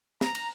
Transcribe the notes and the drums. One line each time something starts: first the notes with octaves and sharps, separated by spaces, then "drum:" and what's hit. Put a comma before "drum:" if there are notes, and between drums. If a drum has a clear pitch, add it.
A#5, drum: snare
drum: cymbal